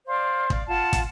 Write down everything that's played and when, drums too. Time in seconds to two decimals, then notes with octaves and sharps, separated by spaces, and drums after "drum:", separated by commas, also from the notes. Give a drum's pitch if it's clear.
0.07 C5 D5 F5
0.50 D5 F5, drum: kick
0.68 F4 F5 F#5 A5
0.93 drum: kick, hi-hat